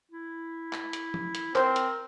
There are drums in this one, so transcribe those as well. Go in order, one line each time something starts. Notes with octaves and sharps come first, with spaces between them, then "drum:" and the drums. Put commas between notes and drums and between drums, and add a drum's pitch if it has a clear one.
E4
drum: clap
drum: hi-hat
drum: tom
drum: hi-hat
C4 A#4 C5, drum: clap
drum: hi-hat